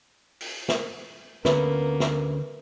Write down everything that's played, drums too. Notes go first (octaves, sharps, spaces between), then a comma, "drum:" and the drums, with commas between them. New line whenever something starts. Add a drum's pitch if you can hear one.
drum: open hi-hat
drum: snare
D2 D3 A#3 B3 C#4 B4, drum: snare
drum: snare